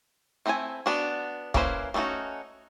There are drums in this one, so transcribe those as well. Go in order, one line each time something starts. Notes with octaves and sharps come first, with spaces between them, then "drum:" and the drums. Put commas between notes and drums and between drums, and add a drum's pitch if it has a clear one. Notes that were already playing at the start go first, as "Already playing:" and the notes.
A3 C4 E4 C5 G#5
B3 D4 F#4
A#3 C#4 E4 B4 C5, drum: kick
A3 B3 C#4 D#4 F#4